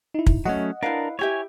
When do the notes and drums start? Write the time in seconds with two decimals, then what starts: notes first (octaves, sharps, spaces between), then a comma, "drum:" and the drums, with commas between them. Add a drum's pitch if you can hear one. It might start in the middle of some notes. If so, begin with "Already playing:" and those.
0.14 D#4 E4
0.26 drum: kick
0.45 F#3 A3 C#4 D#5 F#5
0.83 D4 E4 A#4 B4 F5
1.19 E4 G4 C#5 E5 G#5